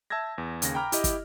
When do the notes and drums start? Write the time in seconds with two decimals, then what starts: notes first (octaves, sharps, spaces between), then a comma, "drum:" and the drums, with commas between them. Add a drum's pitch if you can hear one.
0.10 E5 A5 E6 G6 G#6 A#6
0.38 E2
0.62 D#2 C#3 A#6, drum: hi-hat
0.75 G5 A#5 B5 D6 F6
0.92 E4 G4 D#5, drum: hi-hat
1.04 drum: kick, hi-hat